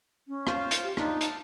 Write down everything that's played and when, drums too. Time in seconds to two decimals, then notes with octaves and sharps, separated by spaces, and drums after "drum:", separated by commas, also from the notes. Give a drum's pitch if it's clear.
0.28 C#4
0.47 F4 C5 F5, drum: rim click
0.71 drum: hi-hat
0.84 G4
0.97 D4 D#4 F4, drum: rim click
1.21 A5 F6, drum: hi-hat